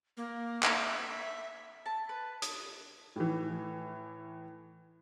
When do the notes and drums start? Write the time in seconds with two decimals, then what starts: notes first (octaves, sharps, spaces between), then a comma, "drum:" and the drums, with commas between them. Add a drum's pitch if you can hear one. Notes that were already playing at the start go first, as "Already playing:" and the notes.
0.17 A#3
0.63 E5, drum: clap
1.86 A5
2.09 B4
2.42 D#6, drum: hi-hat
3.16 A2 E3